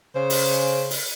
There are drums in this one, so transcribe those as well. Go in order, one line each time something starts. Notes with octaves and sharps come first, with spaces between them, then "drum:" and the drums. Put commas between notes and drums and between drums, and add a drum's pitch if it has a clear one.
C#3 C5
drum: open hi-hat
drum: open hi-hat